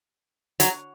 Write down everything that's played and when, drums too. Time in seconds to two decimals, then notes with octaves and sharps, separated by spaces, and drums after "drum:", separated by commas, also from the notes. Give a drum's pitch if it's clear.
0.60 F#3, drum: hi-hat